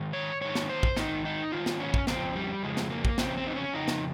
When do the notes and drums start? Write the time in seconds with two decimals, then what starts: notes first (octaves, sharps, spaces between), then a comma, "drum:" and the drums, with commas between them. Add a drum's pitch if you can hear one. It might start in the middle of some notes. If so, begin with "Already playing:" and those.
Already playing: G#2 D#3
0.13 C#5
0.41 G#2 D#3 C#5
0.55 drum: snare
0.70 C5
0.83 drum: kick
0.96 G#2 D#3 D#4, drum: snare
1.25 D#4
1.52 G#2 D#3 F4
1.66 drum: snare
1.80 C#4
1.94 drum: kick
2.07 F2 C#3 C4, drum: snare
2.35 G3
2.63 F2 C#3 G#3
2.77 drum: snare
2.90 A#3
3.05 drum: kick
3.18 F2 C#3 C4, drum: snare
3.37 C4
3.47 D#4
3.56 C#4
3.73 F2 C#3 D#4
3.88 drum: snare